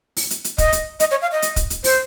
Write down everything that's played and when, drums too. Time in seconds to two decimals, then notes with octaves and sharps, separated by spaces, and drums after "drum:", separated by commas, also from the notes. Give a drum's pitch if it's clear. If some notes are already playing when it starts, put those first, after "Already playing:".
0.17 drum: open hi-hat
0.31 drum: hi-hat
0.44 drum: hi-hat
0.58 D#5, drum: kick, hi-hat
0.72 drum: hi-hat
1.00 D#5, drum: hi-hat
1.11 C#5
1.22 F5
1.32 D#5
1.42 drum: hi-hat
1.56 drum: kick, hi-hat
1.70 drum: hi-hat
1.84 C5, drum: open hi-hat